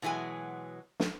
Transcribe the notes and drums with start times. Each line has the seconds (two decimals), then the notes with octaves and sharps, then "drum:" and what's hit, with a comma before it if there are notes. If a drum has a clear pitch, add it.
0.02 B2 E3 F#3 G#3 G#5
1.00 drum: snare